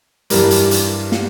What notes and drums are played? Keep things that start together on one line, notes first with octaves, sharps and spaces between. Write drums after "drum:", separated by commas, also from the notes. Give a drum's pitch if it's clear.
G2 E3 G3 A#4, drum: hi-hat
drum: hi-hat
drum: hi-hat
drum: snare